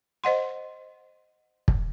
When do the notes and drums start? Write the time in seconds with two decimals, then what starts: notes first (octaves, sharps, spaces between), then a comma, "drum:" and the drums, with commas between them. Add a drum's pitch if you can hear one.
0.24 C5 D#5 F#5 C6
1.68 drum: kick